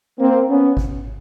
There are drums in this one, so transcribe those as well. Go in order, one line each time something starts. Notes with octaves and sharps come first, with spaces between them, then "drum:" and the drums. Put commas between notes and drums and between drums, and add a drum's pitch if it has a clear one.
A#3 C4
B3 C#4
drum: kick G#1